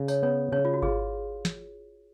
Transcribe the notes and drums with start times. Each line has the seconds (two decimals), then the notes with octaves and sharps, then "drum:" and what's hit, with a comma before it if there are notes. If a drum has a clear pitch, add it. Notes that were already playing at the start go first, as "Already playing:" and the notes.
Already playing: C#3
0.08 C#5, drum: tambourine
0.23 B3 C#5
0.52 C#3 C#5
0.65 F4
0.74 F#4
0.82 F4 G#4, drum: kick G#1
1.45 drum: snare